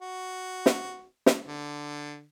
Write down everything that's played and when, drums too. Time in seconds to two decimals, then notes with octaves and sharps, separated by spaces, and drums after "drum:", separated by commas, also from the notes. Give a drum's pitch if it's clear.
0.01 F#4
0.66 drum: snare
1.26 drum: snare
1.47 D3